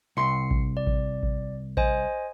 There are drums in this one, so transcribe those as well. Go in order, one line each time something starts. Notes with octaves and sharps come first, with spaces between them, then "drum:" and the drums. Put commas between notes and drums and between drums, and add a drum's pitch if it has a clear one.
C2 C6 C7 C#7
drum: kick A1
D5
drum: kick A1
drum: kick A1
C5 D#5 G#5, drum: kick A1